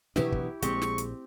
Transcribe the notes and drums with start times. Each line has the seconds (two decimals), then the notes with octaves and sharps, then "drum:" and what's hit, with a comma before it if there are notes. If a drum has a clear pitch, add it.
0.16 B2 E3 F#3 B3 D4 E4 G4, drum: snare
0.32 drum: kick
0.62 A#1 G#3 C4 G4 C#6, drum: hi-hat
0.82 drum: snare
0.98 drum: hi-hat